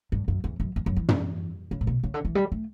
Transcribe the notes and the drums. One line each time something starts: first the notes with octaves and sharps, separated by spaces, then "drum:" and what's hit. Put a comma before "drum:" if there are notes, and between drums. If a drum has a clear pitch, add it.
G2
F#2
E2
F#2
E2
F#2
E3
drum: tom
C#3
A2
B2
C#3
D3
E3
G3
A3